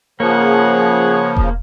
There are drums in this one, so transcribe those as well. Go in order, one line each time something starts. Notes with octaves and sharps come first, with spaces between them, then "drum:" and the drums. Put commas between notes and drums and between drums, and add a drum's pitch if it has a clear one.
C#3 F3 A#3 G#4 C#5 F#5
drum: kick E1